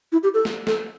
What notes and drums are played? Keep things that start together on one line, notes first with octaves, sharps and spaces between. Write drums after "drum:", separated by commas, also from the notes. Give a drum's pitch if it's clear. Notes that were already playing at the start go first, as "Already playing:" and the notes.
E4
G4
A4
drum: snare
A4, drum: snare